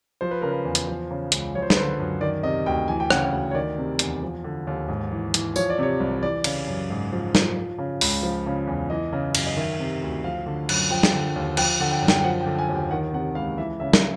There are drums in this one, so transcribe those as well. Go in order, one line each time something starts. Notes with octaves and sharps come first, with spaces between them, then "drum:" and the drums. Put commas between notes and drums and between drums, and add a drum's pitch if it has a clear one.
F3 C5
B4
C#3 A#4
B4
E2
drum: hi-hat
F3 C5
C#3
C#2, drum: hi-hat
F3 C#5
C5
B4, drum: snare
D3 C5
F#2
D#3 D5
C3 D#5
D2 G5
E3 G#5
G5
C#3 F#5, drum: rim click
G5
D2
C#5
D#3 D5
C3
E2, drum: hi-hat
F3
D3
D#2
G#2
E3
E3, drum: hi-hat
F3 C#5, drum: tambourine
D5
C3 C#5
C2
E3 D5
C#3, drum: cymbal
F#2
G#2
F3
F3, drum: snare
F3
C#3
C#2, drum: open hi-hat
F3
C#3
E2
E3 D#5
C#3
F#2, drum: cymbal
D#5
D#3 E5
C3
D2
F3 F5
D3
F#2, drum: cymbal
F3 G5
drum: snare
D3
D#2
F3 G5, drum: cymbal
D3 F#5
G5
F#2
G5, drum: snare
G5
F3 F#5
G5
D3
G#5
D#2
G5
D#3 F#5
C3 F#5
C#2 F5
E3 E5
C#3 E5
drum: snare